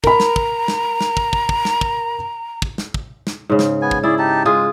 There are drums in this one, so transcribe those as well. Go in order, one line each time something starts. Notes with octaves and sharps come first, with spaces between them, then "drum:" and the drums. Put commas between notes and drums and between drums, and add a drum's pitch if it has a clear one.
A#4 A#5 B5, drum: kick
drum: snare
drum: kick
drum: snare
drum: snare
drum: kick
drum: kick
drum: kick
drum: snare
drum: kick
drum: kick
drum: snare
drum: kick
drum: snare
G#2 C#3
drum: snare
B3 G#5
drum: kick
E4 G#4 D5
D#4 G4 A5
G#3 F4 G#4